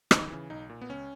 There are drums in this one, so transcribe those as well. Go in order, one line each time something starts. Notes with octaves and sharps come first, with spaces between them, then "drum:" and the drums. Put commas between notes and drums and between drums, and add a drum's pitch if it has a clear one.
D#2 D#4, drum: rim click
C#3 E3
B1 D#4
A#2
B3
C#2 C#4